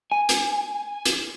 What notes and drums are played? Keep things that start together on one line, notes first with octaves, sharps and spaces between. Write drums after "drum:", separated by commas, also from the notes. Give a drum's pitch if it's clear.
G#5
drum: hi-hat
drum: hi-hat